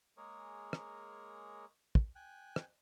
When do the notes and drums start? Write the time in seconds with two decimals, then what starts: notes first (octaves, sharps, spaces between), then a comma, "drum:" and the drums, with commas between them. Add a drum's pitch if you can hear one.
0.17 G#3 A#3 G#4 A#4 C#5
0.73 drum: rim click
1.95 drum: kick
2.16 G5 G#5 F#6
2.56 drum: rim click